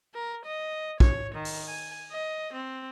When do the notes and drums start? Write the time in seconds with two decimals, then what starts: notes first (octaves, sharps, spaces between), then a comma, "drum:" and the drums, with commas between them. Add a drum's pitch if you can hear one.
0.14 A#4
0.45 D#5
1.00 C#5, drum: kick
1.34 D#3
1.45 drum: open hi-hat
1.68 G#5
2.12 D#5
2.53 C4